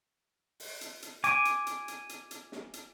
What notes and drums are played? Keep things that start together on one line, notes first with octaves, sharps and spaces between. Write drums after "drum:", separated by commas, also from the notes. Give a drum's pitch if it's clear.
drum: open hi-hat
drum: hi-hat
drum: hi-hat
G#5 D6, drum: hi-hat
drum: hi-hat
drum: hi-hat
drum: hi-hat
drum: hi-hat
drum: hi-hat
drum: snare
drum: hi-hat